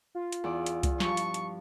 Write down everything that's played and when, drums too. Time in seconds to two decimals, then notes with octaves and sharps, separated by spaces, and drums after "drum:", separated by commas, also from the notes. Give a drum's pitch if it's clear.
0.15 F4
0.32 drum: hi-hat
0.44 E2 D5
0.66 drum: hi-hat
0.83 drum: kick C2, hi-hat
1.00 G2 F3 C#6, drum: snare
1.17 drum: hi-hat
1.34 drum: hi-hat